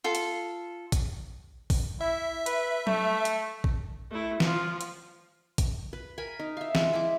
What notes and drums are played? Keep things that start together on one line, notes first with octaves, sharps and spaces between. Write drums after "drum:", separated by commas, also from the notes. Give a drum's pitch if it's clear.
F4 A4
drum: hi-hat
drum: kick A1, hi-hat
drum: kick A1, open hi-hat
E4 E5
B4, drum: hi-hat
A3, drum: tom F#3
drum: hi-hat
drum: kick A1
A3 E4
F3 F4, drum: snare
drum: hi-hat
drum: kick A1, hi-hat
B4
A#4 G#5 B5
D#4
E5 F5
G#3, drum: snare
E4 D6